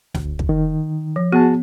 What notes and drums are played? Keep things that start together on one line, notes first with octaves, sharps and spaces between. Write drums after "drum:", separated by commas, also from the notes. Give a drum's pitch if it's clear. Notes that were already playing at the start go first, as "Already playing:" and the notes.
D2, drum: snare
drum: kick
D#3
F3
B3 F#4 G#4 A5